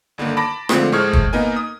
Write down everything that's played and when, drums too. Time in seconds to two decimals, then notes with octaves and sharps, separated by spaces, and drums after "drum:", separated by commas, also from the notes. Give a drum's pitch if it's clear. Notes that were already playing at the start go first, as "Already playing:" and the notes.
0.18 G1 D3 D#3 A#3
0.37 A5 B5 D6 A#6 D7
0.69 D3 F3 G#3 A3 C4, drum: rim click
0.92 A2 G#3 C5 C#6 F6 G#6
1.13 drum: kick
1.33 A#3 B3 D#4 A#4 G#5
1.56 D#6